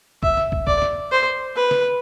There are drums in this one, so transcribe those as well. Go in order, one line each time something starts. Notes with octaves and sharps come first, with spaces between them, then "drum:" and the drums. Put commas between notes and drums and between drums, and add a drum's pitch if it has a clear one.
E5, drum: kick
drum: snare
drum: kick
D5, drum: kick
drum: snare
C5
B4
drum: snare